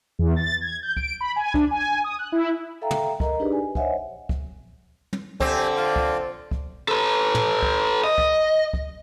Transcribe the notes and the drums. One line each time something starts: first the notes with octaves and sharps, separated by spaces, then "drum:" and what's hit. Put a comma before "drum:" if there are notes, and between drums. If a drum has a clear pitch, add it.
E2
A6
G#6
G6
D7, drum: kick
B5
G#5
D4, drum: kick
G#5
D#6
F#6
E4
A4 E5 F5 G5 A#5
drum: tom
A#4 D#5 A#5, drum: kick
D4 D#4 G4 G#4 B4 D5
G#5
C5 C#5 D#5 E5 F#5 G#5, drum: kick
drum: kick
drum: tom
D3 C4 G4 E5 G#5, drum: kick
F4 D5 F5
drum: kick
drum: kick
A4 B4
drum: tom
drum: kick
D#5
drum: kick
drum: kick